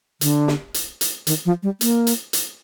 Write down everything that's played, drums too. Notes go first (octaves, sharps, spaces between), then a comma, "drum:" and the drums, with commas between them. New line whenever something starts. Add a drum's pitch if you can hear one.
D3, drum: hi-hat
drum: snare
drum: hi-hat
drum: hi-hat
D#3, drum: hi-hat
F3
G3
A#3, drum: hi-hat
drum: hi-hat
drum: hi-hat